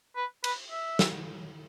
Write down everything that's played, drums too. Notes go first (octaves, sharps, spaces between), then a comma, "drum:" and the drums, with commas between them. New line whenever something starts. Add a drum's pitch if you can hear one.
B4
B4, drum: cymbal
E5
drum: snare